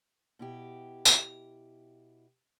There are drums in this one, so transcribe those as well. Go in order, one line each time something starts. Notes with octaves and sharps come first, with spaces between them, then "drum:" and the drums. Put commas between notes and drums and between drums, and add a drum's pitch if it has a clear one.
B2 E4 G4
drum: tambourine